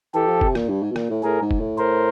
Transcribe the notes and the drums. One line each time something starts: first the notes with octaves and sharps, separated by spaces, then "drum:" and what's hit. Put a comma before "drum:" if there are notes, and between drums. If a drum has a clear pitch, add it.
E3 G4 A4
F3
C3, drum: kick
A#2, drum: rim click
G2
G#2
B2
A#2, drum: rim click
A2
A2 G#4 A#4
G#2
drum: kick
A2
A#4 C5